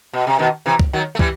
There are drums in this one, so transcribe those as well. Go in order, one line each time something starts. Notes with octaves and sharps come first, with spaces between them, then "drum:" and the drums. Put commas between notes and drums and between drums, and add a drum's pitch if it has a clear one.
B2
C3
B2 D#3
C3 E3
drum: kick
D#3 F#3
A3
E3 G3, drum: kick